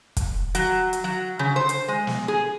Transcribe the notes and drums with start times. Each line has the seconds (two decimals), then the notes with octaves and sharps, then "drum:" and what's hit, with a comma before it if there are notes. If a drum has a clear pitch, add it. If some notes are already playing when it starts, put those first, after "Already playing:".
0.17 drum: kick, hi-hat
0.55 F#3, drum: hi-hat
0.93 drum: hi-hat
1.04 F#3
1.39 C#3
1.56 C5
1.69 drum: hi-hat
1.88 G#3
2.07 drum: snare
2.28 G#4